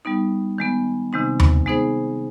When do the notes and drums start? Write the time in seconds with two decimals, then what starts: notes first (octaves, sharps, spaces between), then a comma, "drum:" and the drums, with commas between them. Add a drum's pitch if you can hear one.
0.05 G3 B3 D#4
0.58 D#3 G#3 B3
1.13 C3 D#3 G#3 C4 D#4
1.40 drum: tom D#2
1.66 G#3 B3 D#4 G#4 C5